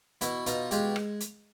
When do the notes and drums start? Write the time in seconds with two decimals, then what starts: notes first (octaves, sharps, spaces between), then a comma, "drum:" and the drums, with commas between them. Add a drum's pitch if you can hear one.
0.21 B2 E4 F#4, drum: hi-hat
0.46 B2 D#4 F4, drum: hi-hat
0.71 G#3 F4 G4, drum: hi-hat
0.96 drum: rim click
1.20 drum: hi-hat